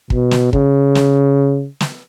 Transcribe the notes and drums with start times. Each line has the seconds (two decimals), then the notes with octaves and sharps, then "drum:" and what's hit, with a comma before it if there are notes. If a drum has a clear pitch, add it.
0.10 B2, drum: kick
0.31 drum: snare
0.53 C#3, drum: kick
0.95 drum: snare
1.81 drum: snare